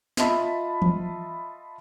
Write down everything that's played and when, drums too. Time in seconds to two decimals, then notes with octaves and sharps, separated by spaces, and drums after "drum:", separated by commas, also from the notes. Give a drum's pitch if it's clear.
0.17 F4 D#5 E5 A5 B5, drum: snare
0.82 drum: tom E3